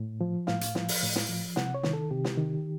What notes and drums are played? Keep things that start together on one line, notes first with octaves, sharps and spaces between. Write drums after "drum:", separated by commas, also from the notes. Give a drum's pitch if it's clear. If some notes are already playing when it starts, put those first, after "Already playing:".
Already playing: A2
F3
A2 F5, drum: snare
drum: hi-hat
F3, drum: snare
drum: open hi-hat
A2
drum: snare
F3
C3 F#5, drum: snare
C#5
D#3, drum: snare
A4
C3 G4
drum: snare
D#3